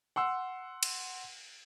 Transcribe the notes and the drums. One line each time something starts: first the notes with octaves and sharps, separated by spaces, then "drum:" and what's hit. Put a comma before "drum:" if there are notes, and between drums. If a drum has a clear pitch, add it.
F#5 C6 E6
drum: cymbal